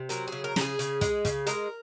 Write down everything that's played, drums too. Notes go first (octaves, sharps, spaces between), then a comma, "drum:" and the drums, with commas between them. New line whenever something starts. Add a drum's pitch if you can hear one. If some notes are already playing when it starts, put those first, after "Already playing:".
Already playing: C3
F#3 A#4, drum: hi-hat
C#3 G#4
A#4
C#3, drum: snare
G#4
C#3, drum: hi-hat
G#3, drum: kick, hi-hat
C#3, drum: kick, hi-hat
G#3 A#4, drum: hi-hat